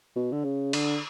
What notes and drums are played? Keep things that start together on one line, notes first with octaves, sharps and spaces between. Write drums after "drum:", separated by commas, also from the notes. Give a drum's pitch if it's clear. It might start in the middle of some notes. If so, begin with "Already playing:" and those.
B2
D3
C#3
D3, drum: cymbal